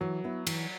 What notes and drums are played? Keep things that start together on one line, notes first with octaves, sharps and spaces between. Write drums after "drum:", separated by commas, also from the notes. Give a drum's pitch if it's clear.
E3 F#3
B3 E4
E3, drum: cymbal